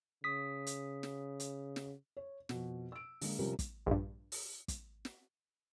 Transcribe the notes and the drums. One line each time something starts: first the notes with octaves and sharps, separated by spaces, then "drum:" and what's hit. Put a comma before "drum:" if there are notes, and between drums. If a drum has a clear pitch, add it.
C#3 D#6 B6
drum: hi-hat
drum: snare
drum: hi-hat
drum: snare
C#5
F2 B2, drum: snare
E6 D7
D3 G#3 A#3, drum: open hi-hat
C3 F3 G3 C#4 G4 A#4
drum: kick, hi-hat
A#1 G2
drum: open hi-hat
drum: kick, hi-hat
drum: snare